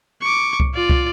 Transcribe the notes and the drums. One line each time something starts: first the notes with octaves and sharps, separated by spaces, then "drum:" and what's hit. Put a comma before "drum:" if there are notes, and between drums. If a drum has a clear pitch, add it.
C#6 D6
drum: kick C2
F4 D5
drum: kick C2